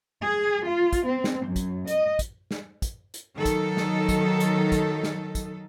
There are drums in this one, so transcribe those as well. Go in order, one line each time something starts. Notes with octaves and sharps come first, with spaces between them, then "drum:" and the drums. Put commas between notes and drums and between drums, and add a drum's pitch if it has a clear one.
G#4
F4
drum: kick, hi-hat
C4
drum: snare
F#2
drum: kick, hi-hat
D#5, drum: hi-hat
drum: kick, hi-hat
drum: snare
drum: kick, hi-hat
drum: hi-hat
D#3 F#3 D#4 A4
drum: kick, hi-hat
drum: snare
drum: kick, hi-hat
drum: hi-hat
drum: kick, hi-hat
drum: snare
drum: kick, hi-hat